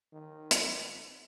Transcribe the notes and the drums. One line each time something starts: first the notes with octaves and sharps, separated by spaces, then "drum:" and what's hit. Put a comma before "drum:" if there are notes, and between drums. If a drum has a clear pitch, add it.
D#3
drum: hi-hat